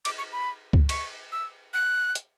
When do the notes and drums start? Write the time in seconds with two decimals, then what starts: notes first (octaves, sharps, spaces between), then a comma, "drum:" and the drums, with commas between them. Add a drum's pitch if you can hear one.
0.05 D6, drum: cymbal
0.18 C#6
0.32 B5
0.73 drum: kick C#2
0.89 C#6, drum: cymbal
1.32 E6
1.74 F#6
2.15 drum: hi-hat